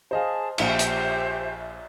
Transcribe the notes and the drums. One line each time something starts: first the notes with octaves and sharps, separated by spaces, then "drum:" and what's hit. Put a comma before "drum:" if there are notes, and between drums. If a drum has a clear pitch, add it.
G#4 C5 D#5 F5 A5
A#1 G4 C5 E5 F5, drum: cymbal
drum: hi-hat